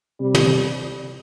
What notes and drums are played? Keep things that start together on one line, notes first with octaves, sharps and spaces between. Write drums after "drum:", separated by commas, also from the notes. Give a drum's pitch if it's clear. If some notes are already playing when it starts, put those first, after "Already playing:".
C3 G3
drum: tom